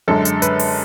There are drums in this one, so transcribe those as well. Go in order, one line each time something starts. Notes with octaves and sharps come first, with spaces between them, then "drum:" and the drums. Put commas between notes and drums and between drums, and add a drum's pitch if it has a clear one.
F#2 D3 G#3 A4
drum: hi-hat
B4, drum: hi-hat
drum: open hi-hat